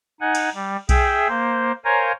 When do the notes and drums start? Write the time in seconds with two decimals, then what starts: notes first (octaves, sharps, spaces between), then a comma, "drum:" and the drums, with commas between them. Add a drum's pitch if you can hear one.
0.21 D#4 F#5 G#5
0.35 drum: cymbal
0.55 G3
0.89 G#4 E5 G5, drum: kick B1, cymbal
1.29 A#3 C5
1.85 A#4 C5 C#5 F5 G#5 A#5